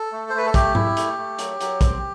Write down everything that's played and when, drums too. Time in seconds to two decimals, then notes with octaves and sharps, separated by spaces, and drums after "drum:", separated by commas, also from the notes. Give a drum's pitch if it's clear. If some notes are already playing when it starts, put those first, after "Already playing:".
Already playing: A4
0.12 A3
0.30 C5
0.34 A3 B4
0.46 A4
0.54 A3 G4, drum: kick, hi-hat
0.75 E4, drum: tom G#2
0.97 A3, drum: hi-hat
1.18 A3
1.39 F#3, drum: hi-hat
1.60 F#3, drum: hi-hat
1.81 C4, drum: kick, hi-hat